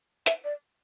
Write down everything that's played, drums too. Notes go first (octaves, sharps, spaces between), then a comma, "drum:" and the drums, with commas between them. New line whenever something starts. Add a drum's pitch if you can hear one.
E5, drum: hi-hat
D5